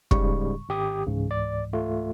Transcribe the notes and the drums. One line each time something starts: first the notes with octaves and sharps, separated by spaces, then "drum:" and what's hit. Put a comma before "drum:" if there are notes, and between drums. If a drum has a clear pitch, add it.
G#2 C#3 G3 C#6, drum: kick
G#1 G4 D#6
C#2 G#2 C#3 E3
D5
A3 F4